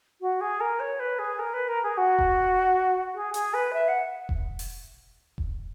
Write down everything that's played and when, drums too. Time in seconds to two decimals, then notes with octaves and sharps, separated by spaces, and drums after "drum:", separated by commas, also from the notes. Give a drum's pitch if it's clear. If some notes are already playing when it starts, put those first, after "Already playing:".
0.21 F#4
0.41 G#4
0.60 A#4
0.80 C#5
0.99 B4
1.19 G#4
1.39 A#4
1.53 B4
1.68 A#4
1.83 G#4
1.97 F#4
2.19 drum: kick E1
3.15 G#4
3.34 G#4, drum: hi-hat
3.54 B4
3.73 E5
3.88 F#5
4.29 drum: kick E1
4.59 drum: open hi-hat
5.38 drum: kick E1